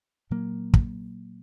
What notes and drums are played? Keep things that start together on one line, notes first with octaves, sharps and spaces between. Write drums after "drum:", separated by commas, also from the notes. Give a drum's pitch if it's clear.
A#2 F#3 A#3
drum: kick